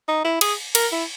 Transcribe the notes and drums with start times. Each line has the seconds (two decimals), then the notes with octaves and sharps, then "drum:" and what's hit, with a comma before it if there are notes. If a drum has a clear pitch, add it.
0.08 D#4
0.24 E4
0.41 G#4, drum: cymbal
0.75 A#4, drum: cymbal
0.92 E4